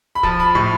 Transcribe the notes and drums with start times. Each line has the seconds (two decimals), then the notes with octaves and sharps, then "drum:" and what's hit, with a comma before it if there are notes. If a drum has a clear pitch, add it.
0.15 B5
0.23 F3 A5, drum: kick
0.40 B5
0.55 A2 C#6